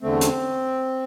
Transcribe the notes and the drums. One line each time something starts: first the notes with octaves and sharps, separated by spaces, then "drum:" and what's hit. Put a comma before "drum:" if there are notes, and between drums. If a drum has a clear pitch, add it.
E2 D3 A3 C4
drum: hi-hat